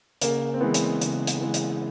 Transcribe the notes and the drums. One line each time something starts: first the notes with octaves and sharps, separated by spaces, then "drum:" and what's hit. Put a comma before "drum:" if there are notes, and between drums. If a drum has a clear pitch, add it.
C#3 A#3, drum: hi-hat
C4
E3 G#3 B3
drum: hi-hat
C#3, drum: hi-hat
drum: hi-hat
E3 G#3
drum: hi-hat